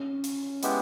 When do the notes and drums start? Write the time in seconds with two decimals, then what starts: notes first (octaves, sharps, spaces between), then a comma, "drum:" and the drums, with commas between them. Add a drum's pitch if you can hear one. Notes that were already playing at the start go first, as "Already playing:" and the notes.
Already playing: C#4
0.24 drum: hi-hat
0.63 G#3 B3 E4 G4, drum: hi-hat